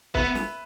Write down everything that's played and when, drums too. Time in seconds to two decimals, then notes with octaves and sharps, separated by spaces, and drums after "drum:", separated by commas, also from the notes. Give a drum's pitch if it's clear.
0.15 B3 B4 E5, drum: kick
0.35 drum: snare